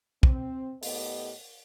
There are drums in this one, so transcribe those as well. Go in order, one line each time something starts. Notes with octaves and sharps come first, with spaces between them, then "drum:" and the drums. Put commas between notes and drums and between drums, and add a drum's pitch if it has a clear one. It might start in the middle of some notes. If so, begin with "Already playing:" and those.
C4, drum: kick
A2 B3 G4 A4 D#5, drum: open hi-hat